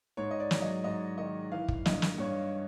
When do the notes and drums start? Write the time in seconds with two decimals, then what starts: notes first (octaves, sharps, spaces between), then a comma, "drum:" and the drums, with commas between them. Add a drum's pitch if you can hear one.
0.17 G#2 C#5
0.31 D#5
0.40 D5
0.51 F#3, drum: snare
0.62 D#5
0.84 G#2 D#5
1.18 D#3 D#5
1.52 E3 F5
1.68 drum: kick
1.86 G2 D#5, drum: snare
2.02 drum: snare
2.18 G2 C#5